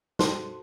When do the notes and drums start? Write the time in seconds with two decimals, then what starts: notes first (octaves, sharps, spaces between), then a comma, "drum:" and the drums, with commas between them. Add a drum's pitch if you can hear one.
0.19 F#4 A4 C5 A5 C6, drum: snare